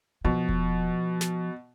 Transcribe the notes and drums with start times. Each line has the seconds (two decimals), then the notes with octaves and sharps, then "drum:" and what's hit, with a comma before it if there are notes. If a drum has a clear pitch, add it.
0.25 B2 F3
0.49 drum: kick E1
1.21 drum: snare